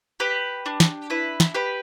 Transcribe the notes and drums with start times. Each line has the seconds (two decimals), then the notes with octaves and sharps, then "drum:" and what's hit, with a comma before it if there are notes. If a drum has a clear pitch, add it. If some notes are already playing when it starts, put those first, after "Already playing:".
0.20 G4 B4
0.66 D4
0.80 drum: snare
1.10 E4 B4
1.40 drum: snare
1.54 G4 B4